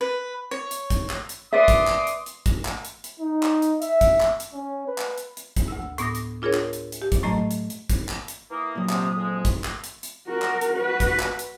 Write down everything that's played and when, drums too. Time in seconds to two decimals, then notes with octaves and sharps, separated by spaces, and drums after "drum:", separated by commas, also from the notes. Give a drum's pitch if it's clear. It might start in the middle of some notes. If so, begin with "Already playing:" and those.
0.01 B4
0.51 C#5
0.71 drum: hi-hat
0.90 drum: kick, hi-hat
1.10 drum: clap
1.29 drum: hi-hat
1.53 B4 D5 E5 C6 D6 D#6
1.68 drum: kick, hi-hat
1.88 drum: clap
2.07 drum: hi-hat
2.26 drum: hi-hat
2.46 drum: kick, hi-hat
2.65 drum: clap
2.85 drum: hi-hat
3.04 drum: hi-hat
3.20 D#4
3.43 drum: clap
3.62 drum: hi-hat
3.82 E5, drum: hi-hat
4.01 drum: kick, hi-hat
4.21 drum: clap
4.40 drum: hi-hat
4.54 C#4
4.87 B4
4.98 drum: clap
5.18 drum: hi-hat
5.37 drum: hi-hat
5.56 drum: kick, hi-hat
5.68 D2 E6
5.98 A2 B3 D6 D#6 A#6, drum: hi-hat
6.15 drum: hi-hat
6.42 D4 F4 G#4 A#4 C#5
6.54 drum: clap
6.73 drum: hi-hat
6.92 drum: hi-hat
7.02 G4
7.12 drum: kick, hi-hat
7.23 A2 F#3 A3 D#5 A#5
7.51 drum: hi-hat
7.70 drum: hi-hat
7.89 drum: kick, hi-hat
8.09 drum: clap
8.28 drum: hi-hat
8.51 E3 A#3 D#6
8.75 A#2 F#3
8.89 C3, drum: clap
9.17 F2 G#3
9.45 drum: kick, hi-hat
9.64 drum: clap
9.84 drum: hi-hat
10.03 drum: hi-hat
10.27 F#4 A#4
10.42 drum: clap
10.61 drum: hi-hat
10.73 F#4 B4
11.00 drum: kick, hi-hat
11.20 drum: clap
11.39 drum: hi-hat